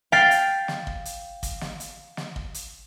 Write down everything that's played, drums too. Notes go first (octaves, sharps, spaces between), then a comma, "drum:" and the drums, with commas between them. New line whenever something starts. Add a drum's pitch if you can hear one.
F5 G5 A6 B6, drum: snare
drum: hi-hat
drum: snare
drum: kick
drum: hi-hat
drum: kick, hi-hat
drum: snare
drum: hi-hat
drum: snare
drum: kick
drum: hi-hat